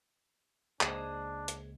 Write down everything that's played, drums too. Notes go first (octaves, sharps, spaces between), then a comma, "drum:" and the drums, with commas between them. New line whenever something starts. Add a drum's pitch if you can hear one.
C#2 A#3 D4 G#4 C5 D#5, drum: clap
drum: hi-hat